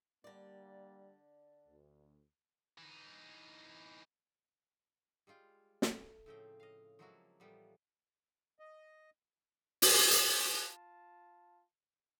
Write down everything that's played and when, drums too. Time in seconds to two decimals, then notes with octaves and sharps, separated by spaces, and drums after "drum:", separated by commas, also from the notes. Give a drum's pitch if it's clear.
0.24 D3 G3 A#3 D5
1.67 D2
2.78 E3 D#4
5.27 G3 G#3 F4 G5
5.82 A3, drum: snare
6.26 A2 C#3 F3 C4 D#5 G5
6.60 D#5 F5
6.99 F3 F#3 G#3 A#3 E4 F#4
7.40 A2 E3 F3 G3 A#3 B3
8.59 D#5
9.82 drum: open hi-hat
10.11 drum: hi-hat
10.28 F4 A5